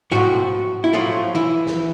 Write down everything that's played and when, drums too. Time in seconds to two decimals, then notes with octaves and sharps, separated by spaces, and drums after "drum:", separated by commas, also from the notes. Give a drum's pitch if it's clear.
0.11 B1 A2 F3 F#3 F#4, drum: tom G#2
0.84 E4
0.93 A2 F3 F#3 A3 F4
1.35 E3 E4
1.67 drum: snare